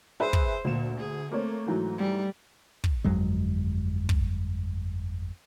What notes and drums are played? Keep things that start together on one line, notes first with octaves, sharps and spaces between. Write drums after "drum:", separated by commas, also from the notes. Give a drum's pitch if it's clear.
G#4 B4 C5 E5
drum: kick
D2 A#2 E7
G#4
A3 A#3 C4 C#5
G#2 E3 F#3
G3
drum: kick
G1 F2 F#3 G#3
drum: kick